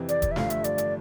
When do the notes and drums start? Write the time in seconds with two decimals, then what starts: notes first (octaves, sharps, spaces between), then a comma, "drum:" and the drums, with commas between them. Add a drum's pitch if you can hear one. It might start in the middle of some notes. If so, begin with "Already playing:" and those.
Already playing: F2 C3 E3
0.09 D5, drum: hi-hat
0.22 drum: kick, hi-hat
0.31 E5
0.36 G1 G2 F3 A3 F5, drum: snare
0.50 E5, drum: hi-hat
0.64 D5, drum: hi-hat
0.78 drum: hi-hat